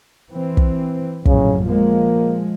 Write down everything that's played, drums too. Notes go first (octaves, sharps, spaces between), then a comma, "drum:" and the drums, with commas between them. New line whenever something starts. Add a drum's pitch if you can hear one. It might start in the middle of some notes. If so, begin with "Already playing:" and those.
E3 C4
drum: kick
A#1 F#2 A2 C#3, drum: kick
F3 G#3 A#3